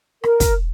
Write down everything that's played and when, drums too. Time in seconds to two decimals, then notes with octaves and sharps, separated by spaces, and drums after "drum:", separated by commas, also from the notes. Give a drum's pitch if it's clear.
0.24 A#4, drum: rim click
0.40 drum: kick, hi-hat